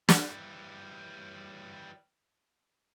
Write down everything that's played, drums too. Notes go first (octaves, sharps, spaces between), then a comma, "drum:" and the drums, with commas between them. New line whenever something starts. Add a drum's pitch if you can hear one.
E3 G3, drum: snare